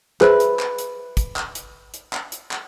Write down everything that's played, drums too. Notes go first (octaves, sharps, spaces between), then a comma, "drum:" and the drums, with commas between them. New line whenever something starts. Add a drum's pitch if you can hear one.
G#4 B4 C5 E5, drum: clap
drum: hi-hat
drum: clap
drum: hi-hat
drum: kick, hi-hat
drum: clap
drum: hi-hat
drum: hi-hat
drum: clap
drum: hi-hat
drum: clap